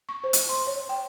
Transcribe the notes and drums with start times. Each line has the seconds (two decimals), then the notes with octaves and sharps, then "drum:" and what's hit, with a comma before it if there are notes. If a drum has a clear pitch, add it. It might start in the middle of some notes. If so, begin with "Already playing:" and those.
0.09 C#6
0.24 C5
0.33 drum: hi-hat
0.49 C6
0.67 C#5
0.89 G5